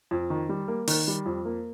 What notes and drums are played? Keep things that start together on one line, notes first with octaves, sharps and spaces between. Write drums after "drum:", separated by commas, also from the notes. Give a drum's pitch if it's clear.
F2
D#3
G3
A#3
D#3, drum: open hi-hat
G3
F2
A#3